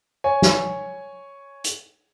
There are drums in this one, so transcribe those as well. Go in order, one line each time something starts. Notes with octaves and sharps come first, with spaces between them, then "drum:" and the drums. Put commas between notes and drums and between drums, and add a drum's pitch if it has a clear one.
C#5 G#5
drum: snare
drum: hi-hat